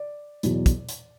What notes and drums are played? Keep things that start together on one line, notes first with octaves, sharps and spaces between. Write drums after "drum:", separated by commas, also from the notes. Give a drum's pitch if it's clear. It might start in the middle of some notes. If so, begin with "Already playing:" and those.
Already playing: D5
E2 B2 F#3, drum: hi-hat
drum: kick, hi-hat
drum: hi-hat